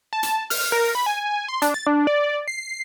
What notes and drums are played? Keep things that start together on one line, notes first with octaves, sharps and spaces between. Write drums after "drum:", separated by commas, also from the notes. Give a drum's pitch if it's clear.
A5
drum: hi-hat
F6, drum: open hi-hat
A#4
B5
G#5
C6
D4, drum: hi-hat
A6
D4
D5
C7